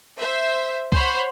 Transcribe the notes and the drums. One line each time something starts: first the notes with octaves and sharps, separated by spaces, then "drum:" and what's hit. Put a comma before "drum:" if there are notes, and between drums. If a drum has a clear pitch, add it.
C5 E5
C5 C#5 F#5 B5, drum: kick C2